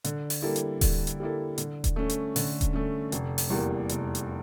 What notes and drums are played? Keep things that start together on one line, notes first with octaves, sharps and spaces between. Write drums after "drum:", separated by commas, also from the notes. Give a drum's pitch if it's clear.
D3, drum: hi-hat
drum: open hi-hat
G3 A#3 E4 A4
drum: hi-hat
D3, drum: kick D#1, open hi-hat
drum: hi-hat
G3 A#3 E4 A4
D3, drum: hi-hat
drum: kick D#1, hi-hat
A3 C#4
drum: hi-hat
D3, drum: open hi-hat
drum: kick D#1, hi-hat
A3 C#4
F1, drum: hi-hat
drum: open hi-hat
E2 E3 G3 A#3
F1, drum: hi-hat
drum: hi-hat